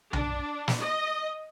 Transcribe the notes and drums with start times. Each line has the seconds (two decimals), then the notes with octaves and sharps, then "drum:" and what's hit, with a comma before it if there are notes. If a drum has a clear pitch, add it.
0.13 D4, drum: tom B1
0.68 drum: snare
0.79 D#5